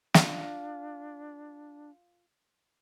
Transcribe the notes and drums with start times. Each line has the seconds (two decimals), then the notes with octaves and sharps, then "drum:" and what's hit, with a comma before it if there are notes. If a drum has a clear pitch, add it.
0.14 D4 F4 F5, drum: snare